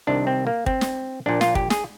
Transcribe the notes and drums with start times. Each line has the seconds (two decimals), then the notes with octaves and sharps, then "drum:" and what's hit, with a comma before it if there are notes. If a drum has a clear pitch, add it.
0.07 C2 C3 D#3 D4
0.27 C4
0.47 A#3
0.66 C4, drum: kick
0.81 drum: snare
1.26 A#1 A#2 D4
1.41 F4, drum: snare
1.55 G4, drum: kick
1.70 G#4, drum: snare